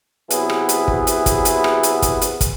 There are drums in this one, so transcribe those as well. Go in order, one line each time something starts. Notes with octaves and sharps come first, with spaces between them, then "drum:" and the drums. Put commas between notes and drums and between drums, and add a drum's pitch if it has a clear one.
C3 F#3 B3 E4 G#4 B4, drum: hi-hat
drum: rim click
drum: hi-hat
drum: kick
drum: hi-hat
drum: kick, hi-hat
drum: hi-hat
drum: rim click
drum: hi-hat
drum: kick, hi-hat
drum: hi-hat
drum: kick, hi-hat